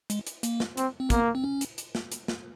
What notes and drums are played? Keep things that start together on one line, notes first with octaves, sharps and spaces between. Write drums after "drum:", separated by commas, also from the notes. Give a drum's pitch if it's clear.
G#3, drum: hi-hat
drum: hi-hat
A#3, drum: hi-hat
drum: snare
C4, drum: hi-hat
C4
A#3 B3, drum: kick, hi-hat
C4
C#4
drum: hi-hat
drum: hi-hat
drum: snare
drum: hi-hat
drum: snare